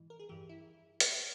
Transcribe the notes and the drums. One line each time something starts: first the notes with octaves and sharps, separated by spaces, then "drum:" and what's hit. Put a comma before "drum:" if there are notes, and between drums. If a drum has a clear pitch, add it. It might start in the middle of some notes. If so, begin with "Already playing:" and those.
Already playing: G#2 E3
A#4
G#4
G2 E3 G4
E4
drum: hi-hat